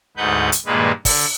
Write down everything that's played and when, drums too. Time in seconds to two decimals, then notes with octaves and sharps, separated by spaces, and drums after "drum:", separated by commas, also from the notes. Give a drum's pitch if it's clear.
0.17 D2 G#2 D#4 B4 F#5 G6
0.52 drum: hi-hat
0.66 G2 A#2 D#3 G#3 A#3 B4
1.05 D3, drum: kick, open hi-hat